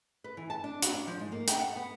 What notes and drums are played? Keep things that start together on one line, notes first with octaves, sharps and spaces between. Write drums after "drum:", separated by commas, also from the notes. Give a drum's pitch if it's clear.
B4
E3
A5
D4
F#4, drum: hi-hat
D4
F3
G#2
A#3
G5, drum: hi-hat
F#5
B3